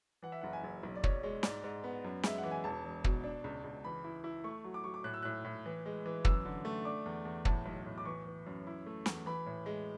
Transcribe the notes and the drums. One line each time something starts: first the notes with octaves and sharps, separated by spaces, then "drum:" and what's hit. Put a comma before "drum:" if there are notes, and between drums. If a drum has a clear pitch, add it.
E3 F#5
E5
F#1 F#5
G#5
F#1
B1
D5
B1 C#5, drum: kick
G#3 C#5
G#2 D5, drum: snare
G#2
B3
F#2
G#3 E5, drum: snare
F#5
E3
G#5
E1 A5
E1
B2, drum: kick
D4
C#2
C#2
E3 B5
E4
E4
A3 C#6
F#3
D6
F#3 C#6
D6
A2 F#6
E6
A2 F#6
A2
E3
G#3
E3
F#2 E6, drum: kick
D3
A3
D4 D6
E2
E2
A2 A5, drum: kick
B1
A2
D6
E3 C#6
E3
F#2
E4
A3
E2, drum: snare
E3 B5
A2
G#3